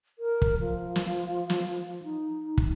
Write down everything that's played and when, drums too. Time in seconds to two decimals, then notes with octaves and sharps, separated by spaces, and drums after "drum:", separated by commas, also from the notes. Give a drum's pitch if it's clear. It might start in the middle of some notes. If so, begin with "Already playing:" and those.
0.19 A#4
0.42 drum: kick
0.60 F3
0.96 drum: snare
1.50 drum: snare
2.04 D#4
2.58 drum: kick